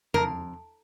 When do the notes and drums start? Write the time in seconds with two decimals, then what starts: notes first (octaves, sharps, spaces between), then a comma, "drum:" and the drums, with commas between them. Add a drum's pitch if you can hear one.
0.14 F2 A#4, drum: tom